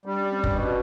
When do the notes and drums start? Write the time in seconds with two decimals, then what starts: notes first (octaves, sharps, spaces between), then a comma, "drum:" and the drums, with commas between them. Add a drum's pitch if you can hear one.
0.06 G3 D4
0.18 C#4
0.31 C4
0.44 B3 C#4, drum: kick
0.51 B2